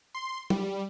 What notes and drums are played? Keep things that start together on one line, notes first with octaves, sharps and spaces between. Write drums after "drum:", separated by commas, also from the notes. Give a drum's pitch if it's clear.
C6
G3, drum: tom F#3